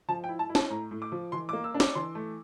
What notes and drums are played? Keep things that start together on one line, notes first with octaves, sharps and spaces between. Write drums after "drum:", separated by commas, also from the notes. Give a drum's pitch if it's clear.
F3 A5
G5
E4
A5
E4
A5, drum: snare
A2 A#5
A2
D6
F3
E3 C6
D6
A#3
E6
D4
D6, drum: snare
E3 C6
A3